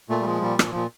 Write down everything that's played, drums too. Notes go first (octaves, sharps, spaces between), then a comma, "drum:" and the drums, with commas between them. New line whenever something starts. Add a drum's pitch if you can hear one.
A#2 A3
G3
F3 G#3
A#2 G3
F3, drum: rim click
A#2 F3